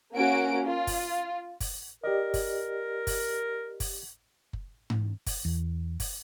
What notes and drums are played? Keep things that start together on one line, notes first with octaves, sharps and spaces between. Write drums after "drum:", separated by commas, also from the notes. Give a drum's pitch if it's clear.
A#3 C#4 F#4 D7
F4
drum: kick F#1, open hi-hat
drum: kick F#1, open hi-hat
G4 A#4 D5 D#5
drum: kick F#1, open hi-hat
drum: kick F#1, open hi-hat
drum: kick F#1, open hi-hat
drum: kick F#1
drum: tom G#2
drum: kick F#1, open hi-hat
E2
drum: kick F#1, open hi-hat